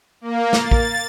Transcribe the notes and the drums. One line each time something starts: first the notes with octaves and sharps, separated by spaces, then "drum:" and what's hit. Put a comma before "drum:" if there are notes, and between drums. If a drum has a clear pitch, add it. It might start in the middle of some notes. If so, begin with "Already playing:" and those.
A#3
A6, drum: snare
drum: kick